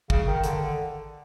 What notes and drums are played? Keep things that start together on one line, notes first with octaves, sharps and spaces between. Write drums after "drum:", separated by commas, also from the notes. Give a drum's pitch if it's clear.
C#3, drum: kick
D#3
D3, drum: hi-hat